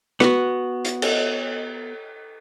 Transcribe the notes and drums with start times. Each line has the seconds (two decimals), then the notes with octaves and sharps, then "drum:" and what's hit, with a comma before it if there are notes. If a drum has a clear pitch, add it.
0.20 B3 F#4, drum: rim click
0.85 drum: hi-hat
1.02 drum: cymbal